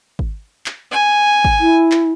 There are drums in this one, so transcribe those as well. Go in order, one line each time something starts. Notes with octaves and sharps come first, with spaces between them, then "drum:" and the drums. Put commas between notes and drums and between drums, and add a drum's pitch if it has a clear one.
drum: kick G#1
drum: clap
G#5
drum: kick G#1
E4
drum: clap